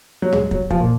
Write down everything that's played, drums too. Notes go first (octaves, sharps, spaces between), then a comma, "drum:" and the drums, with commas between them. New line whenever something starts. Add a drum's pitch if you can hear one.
F#3
G#3, drum: tom
F#3, drum: kick
F3, drum: kick
A#2